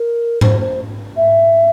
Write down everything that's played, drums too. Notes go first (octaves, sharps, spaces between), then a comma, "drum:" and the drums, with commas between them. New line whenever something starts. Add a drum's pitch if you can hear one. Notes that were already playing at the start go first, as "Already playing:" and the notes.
Already playing: A#4
C5, drum: tom G#2
C5
E5